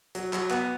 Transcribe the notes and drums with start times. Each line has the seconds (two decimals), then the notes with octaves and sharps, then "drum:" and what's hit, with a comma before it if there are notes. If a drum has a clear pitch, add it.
0.15 F#3, drum: hi-hat
0.33 F#3, drum: clap
0.50 B3, drum: clap